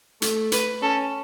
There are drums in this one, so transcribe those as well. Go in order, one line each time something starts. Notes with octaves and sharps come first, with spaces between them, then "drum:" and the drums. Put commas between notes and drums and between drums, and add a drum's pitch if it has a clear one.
A3, drum: hi-hat
B4, drum: hi-hat
C#4 A4